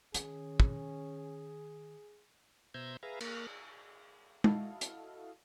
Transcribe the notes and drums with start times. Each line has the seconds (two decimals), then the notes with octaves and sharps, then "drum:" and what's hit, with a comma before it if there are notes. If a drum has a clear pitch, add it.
0.14 D#3 C#4 G#4, drum: hi-hat
0.60 drum: kick
2.74 B2 C5 E5 A#5 G6 G#6
3.03 G#4 B4 E5 F5 A#5
3.21 A#3 F6 F#6, drum: cymbal
4.44 E4 F#4 A4 D#5 F5, drum: tom
4.81 drum: hi-hat